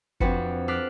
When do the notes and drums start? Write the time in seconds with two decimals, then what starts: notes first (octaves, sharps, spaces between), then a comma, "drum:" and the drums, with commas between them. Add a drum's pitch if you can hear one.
0.20 F2 C4 D4 F#4 B4 C#7, drum: kick
0.68 A4 D6 F6 F#6 B6 C7